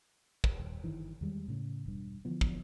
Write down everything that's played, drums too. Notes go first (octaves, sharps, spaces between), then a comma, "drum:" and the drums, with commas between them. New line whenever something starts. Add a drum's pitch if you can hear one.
drum: kick
D#1
G1 D#3 E3
E2 D#3 G3 G#3
A2 C#3
E1 G2
D3 E3 F3 B3
drum: kick